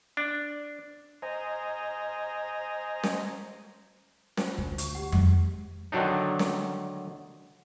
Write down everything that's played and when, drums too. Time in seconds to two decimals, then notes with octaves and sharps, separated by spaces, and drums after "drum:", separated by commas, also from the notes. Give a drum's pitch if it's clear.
0.17 D4
1.22 C5 D#5 G#5 A#5
3.03 drum: snare C#4
4.37 F4 C5, drum: snare C#4
4.58 D2, drum: kick
4.78 C#6, drum: hi-hat
4.95 G4 F#5
5.12 F#3 G#3, drum: tom F2
5.92 D3 D#3 F#3 D4 D#4
6.39 drum: snare C#4